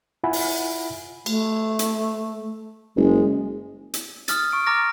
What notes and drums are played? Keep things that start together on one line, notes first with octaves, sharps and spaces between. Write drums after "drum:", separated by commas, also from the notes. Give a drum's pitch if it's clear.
E4 F4 E5 F#5 G#5 B5
drum: open hi-hat
A3, drum: cymbal
drum: hi-hat
F#1 G#3
drum: hi-hat
D#6 F6 A6, drum: hi-hat
C#6 D7
A#5 D6 F6 A6 A#6